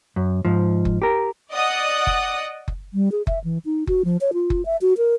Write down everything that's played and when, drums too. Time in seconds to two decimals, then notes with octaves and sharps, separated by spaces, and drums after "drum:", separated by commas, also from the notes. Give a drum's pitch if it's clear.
0.16 F#2
0.45 G#2 F3
0.85 drum: kick F#1
1.02 G4 A#4
1.53 D5 D#5 F#5 D#6
2.07 drum: kick F#1
2.68 drum: kick F#1
2.93 G3
3.12 G#4
3.27 E5, drum: kick F#1
3.44 E3
3.65 D#4
3.87 F#4, drum: kick F#1
4.05 F3
4.21 C#5
4.33 F4
4.50 drum: kick F#1
4.65 E5
4.81 F#4
4.97 A#4